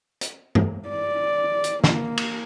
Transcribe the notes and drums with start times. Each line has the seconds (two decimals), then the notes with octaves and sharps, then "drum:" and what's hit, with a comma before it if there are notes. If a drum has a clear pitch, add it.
0.21 drum: hi-hat
0.55 drum: tom G2
0.89 D5
1.64 drum: hi-hat
1.84 A#3, drum: snare
2.17 drum: cymbal